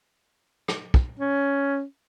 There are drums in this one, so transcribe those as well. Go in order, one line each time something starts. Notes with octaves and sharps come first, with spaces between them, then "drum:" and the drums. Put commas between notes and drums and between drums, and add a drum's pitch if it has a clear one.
drum: rim click
drum: kick
C#4